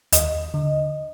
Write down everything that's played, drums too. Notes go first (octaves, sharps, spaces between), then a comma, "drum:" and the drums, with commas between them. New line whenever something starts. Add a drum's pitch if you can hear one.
D#2 D#5, drum: hi-hat
D3